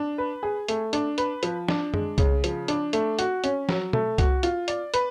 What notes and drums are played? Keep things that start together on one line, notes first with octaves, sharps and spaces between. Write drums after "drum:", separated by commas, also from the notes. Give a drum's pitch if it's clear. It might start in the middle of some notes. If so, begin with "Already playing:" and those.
Already playing: D4
B4
G#4
A3, drum: hi-hat
D4, drum: hi-hat
B4, drum: hi-hat
F3, drum: hi-hat
D4, drum: snare
G#3, drum: tom F#2
C#3, drum: kick C2, hi-hat
F3, drum: hi-hat
D4, drum: hi-hat
A3, drum: hi-hat
F#4, drum: hi-hat
C#4, drum: hi-hat
F#3, drum: snare
A3, drum: tom
F#4, drum: kick C2, hi-hat
F4, drum: hi-hat
D5, drum: hi-hat
B4, drum: hi-hat